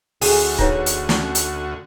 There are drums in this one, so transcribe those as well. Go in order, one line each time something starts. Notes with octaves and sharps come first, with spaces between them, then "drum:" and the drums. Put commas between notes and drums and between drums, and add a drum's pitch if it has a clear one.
D2 F#4 G#4, drum: open hi-hat
D#4 B4 C#5, drum: kick C#1
drum: hi-hat
drum: snare
C#4
drum: hi-hat